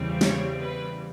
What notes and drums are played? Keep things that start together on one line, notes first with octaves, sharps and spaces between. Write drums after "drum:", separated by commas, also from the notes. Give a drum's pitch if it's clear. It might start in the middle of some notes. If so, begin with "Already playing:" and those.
Already playing: E2 C#3 E3 G3 C4
C#5, drum: snare
B4